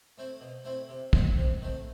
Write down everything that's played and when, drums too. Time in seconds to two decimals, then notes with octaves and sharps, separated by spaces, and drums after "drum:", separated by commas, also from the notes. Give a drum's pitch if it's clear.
0.18 A3 C4 E4
0.41 B2
0.65 A3 C4 E4
0.89 C3
1.13 D#3 A3 C4, drum: kick
1.37 C3
1.61 D#3 A3 C4